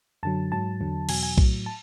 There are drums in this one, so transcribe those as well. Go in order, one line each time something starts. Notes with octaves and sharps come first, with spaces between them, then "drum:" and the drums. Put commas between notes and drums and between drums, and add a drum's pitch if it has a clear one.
F#2 D3 F#3 A5
G#2 F#3 A5
E2 D3 F#3
E2 B2 F#3 G#5, drum: cymbal
G#5
A2 F#3, drum: kick B1
A5